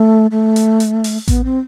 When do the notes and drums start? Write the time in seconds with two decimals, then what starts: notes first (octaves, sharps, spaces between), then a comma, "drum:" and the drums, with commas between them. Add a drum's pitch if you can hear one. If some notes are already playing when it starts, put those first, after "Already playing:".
Already playing: A3
0.31 A3
0.56 drum: hi-hat
0.80 drum: hi-hat
1.04 drum: open hi-hat
1.28 B3, drum: kick A1, hi-hat
1.44 C4